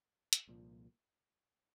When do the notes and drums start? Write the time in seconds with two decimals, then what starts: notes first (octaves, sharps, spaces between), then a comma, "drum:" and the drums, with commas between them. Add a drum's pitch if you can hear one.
0.33 drum: hi-hat
0.47 C2 A#2 F3